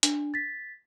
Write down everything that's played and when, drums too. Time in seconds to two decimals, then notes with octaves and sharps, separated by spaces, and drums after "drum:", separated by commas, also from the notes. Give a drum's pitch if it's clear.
0.03 D4, drum: hi-hat
0.34 A6 B6